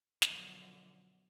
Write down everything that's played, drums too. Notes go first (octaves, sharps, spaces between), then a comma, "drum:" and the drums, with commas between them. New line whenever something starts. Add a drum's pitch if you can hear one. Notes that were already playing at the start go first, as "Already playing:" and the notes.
F#2 B2 D3 F3 F#3, drum: snare